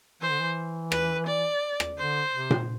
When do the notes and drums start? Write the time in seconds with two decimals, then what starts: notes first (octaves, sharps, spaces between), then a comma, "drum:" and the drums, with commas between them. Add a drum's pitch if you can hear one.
0.21 E3 C5
0.31 D3
0.41 E3
0.92 B4, drum: rim click
1.27 D5
1.80 drum: rim click
1.98 D3 C5
2.33 C3
2.50 drum: tom A#2